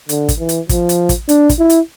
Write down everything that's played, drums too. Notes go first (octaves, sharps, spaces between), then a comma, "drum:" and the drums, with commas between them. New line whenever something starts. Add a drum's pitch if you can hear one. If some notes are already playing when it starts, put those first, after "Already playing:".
D3, drum: hi-hat
drum: kick, hi-hat
E3
drum: hi-hat
F3, drum: kick, hi-hat
drum: hi-hat
drum: kick, hi-hat
D4, drum: hi-hat
drum: kick, hi-hat
E4
drum: hi-hat